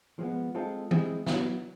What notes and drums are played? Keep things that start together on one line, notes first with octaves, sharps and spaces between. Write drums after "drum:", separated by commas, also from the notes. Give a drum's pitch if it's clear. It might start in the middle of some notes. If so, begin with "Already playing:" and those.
F3 G#3 B3
G#3 C4 F4 A4
G#3 C4 E4 G#4, drum: tom
F#3 B3 E4, drum: snare